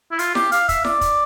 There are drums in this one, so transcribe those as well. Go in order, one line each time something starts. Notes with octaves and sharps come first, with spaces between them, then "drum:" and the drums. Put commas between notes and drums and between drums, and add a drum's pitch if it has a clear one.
E4
F4, drum: hi-hat
G4, drum: snare E4
F5, drum: hi-hat
E5, drum: kick, hi-hat
D5, drum: snare E4
drum: kick, hi-hat